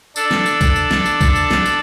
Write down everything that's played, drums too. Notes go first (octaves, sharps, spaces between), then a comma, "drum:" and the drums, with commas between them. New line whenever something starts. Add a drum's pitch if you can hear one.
D4 A4, drum: tambourine
drum: snare
drum: tambourine
drum: kick, tambourine
drum: tambourine
drum: snare
drum: tambourine
drum: kick, tambourine
drum: tambourine
drum: snare
drum: tambourine